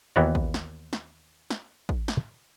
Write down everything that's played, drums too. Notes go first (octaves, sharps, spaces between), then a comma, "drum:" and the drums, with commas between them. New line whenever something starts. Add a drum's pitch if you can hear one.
D#2 E3 B3 F#4 A#4 D5
drum: kick
drum: snare
drum: snare
drum: snare
drum: kick
drum: snare